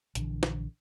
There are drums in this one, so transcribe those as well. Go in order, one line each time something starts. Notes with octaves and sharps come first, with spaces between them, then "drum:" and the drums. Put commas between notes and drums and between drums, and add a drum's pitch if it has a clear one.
A#1 D3 E3, drum: hi-hat
drum: snare